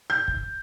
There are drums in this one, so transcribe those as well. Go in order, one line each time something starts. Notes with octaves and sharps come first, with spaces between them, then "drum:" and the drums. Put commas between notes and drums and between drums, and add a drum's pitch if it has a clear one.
G6
drum: kick